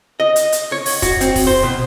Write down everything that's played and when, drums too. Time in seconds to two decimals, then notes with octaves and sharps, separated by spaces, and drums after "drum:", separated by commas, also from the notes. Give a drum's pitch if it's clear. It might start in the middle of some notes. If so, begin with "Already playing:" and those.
0.20 D#5
0.36 drum: hi-hat
0.52 drum: hi-hat
0.72 C#5
0.86 drum: open hi-hat
1.02 F#4, drum: kick, hi-hat
1.21 C4, drum: hi-hat
1.36 drum: kick, open hi-hat
1.47 C5
1.63 B2